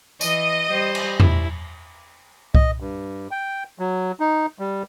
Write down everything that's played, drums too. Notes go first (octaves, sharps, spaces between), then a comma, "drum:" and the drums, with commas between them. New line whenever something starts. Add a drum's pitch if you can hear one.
E3 D#5, drum: tambourine
G3 C5
drum: cymbal
E4, drum: tom E2
D#5, drum: kick C2
G2
G5
F#3
D#4
G3